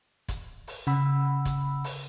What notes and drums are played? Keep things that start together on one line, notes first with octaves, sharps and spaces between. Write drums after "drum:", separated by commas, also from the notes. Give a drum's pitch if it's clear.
drum: kick, hi-hat
drum: open hi-hat
C#3 F#5 B5 E6
drum: kick, hi-hat
drum: open hi-hat